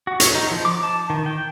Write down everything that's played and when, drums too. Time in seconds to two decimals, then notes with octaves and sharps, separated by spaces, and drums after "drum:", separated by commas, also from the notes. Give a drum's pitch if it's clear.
0.07 F#4
0.20 C#5, drum: hi-hat
0.35 D#4
0.51 F3
0.65 D6
0.83 A5
1.10 D#3
1.26 G5